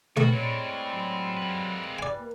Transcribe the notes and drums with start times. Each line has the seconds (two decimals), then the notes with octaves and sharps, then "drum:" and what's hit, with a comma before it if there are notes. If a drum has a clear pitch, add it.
0.17 A3 C4 F4 F#4 B4, drum: tom
0.33 A2 G3 G#3 C4 C#5
0.93 F#3
1.37 A#3 B4
1.99 E3 G3 D5 G#5
2.19 A#3